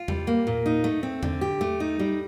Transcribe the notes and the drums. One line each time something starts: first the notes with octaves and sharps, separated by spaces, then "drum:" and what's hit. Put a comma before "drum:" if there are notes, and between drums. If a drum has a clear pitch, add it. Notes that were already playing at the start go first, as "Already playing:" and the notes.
Already playing: F4
G3, drum: tom E2
A#3
A#2
D#4
A3
C4
D3, drum: tom E2
G4
A3
D#4
G3